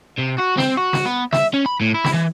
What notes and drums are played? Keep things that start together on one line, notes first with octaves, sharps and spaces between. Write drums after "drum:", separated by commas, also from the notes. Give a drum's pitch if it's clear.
C3
F#4
C4, drum: snare
F#4
drum: snare
B3
E5, drum: snare
C#4
B5
A2
E4
drum: snare
E3